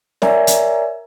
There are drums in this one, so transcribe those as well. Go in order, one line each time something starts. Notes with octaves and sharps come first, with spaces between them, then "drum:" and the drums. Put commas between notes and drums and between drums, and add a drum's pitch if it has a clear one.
A#4 C#5 D5 E5 G#5 A#5, drum: snare
drum: hi-hat